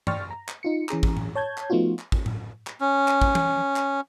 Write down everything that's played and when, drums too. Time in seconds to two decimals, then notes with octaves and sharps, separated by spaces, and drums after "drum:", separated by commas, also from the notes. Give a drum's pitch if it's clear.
0.07 D5 G5 C6 C#6 F6 A6, drum: tom G2
0.31 A#5
0.48 drum: clap
0.63 D#4 F4 C#7
0.89 E3 C#4 G#4 A#5, drum: clap
1.03 drum: kick
1.17 drum: tom A2
1.35 C#5 A5 G6 G#6
1.58 drum: clap
1.70 F3 A3 B3 D#4 F4 F#4
1.99 drum: clap
2.12 drum: kick
2.26 drum: tom A2
2.67 drum: clap
2.81 C#4
3.08 drum: clap
3.22 drum: kick
3.35 drum: tom
3.76 drum: clap